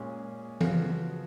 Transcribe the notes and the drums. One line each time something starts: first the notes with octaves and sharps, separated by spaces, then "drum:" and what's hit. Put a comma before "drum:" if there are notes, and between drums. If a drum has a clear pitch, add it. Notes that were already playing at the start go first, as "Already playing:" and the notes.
Already playing: A#2 G#3 C#4 G#4
C#3 F3 B3 F#4, drum: tom E3